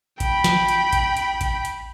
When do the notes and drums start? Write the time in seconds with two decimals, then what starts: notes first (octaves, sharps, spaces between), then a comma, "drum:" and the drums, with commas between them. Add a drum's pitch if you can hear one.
0.20 G5 B5, drum: kick A1, hi-hat
0.44 drum: snare
0.68 drum: hi-hat
0.93 drum: kick A1, hi-hat
1.17 drum: hi-hat
1.41 drum: kick A1, hi-hat
1.65 drum: hi-hat